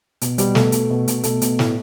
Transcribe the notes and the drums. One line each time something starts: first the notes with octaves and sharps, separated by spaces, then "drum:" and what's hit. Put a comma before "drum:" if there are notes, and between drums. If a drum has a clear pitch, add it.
B2, drum: hi-hat
B2 G3, drum: hi-hat
B2 A3, drum: snare
B2, drum: hi-hat
B2
B2, drum: hi-hat
B2 A3, drum: hi-hat
B2, drum: hi-hat
A2, drum: snare